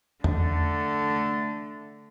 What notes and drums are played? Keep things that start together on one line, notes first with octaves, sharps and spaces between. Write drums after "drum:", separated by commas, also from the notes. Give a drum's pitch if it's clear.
D3 A3, drum: tom E2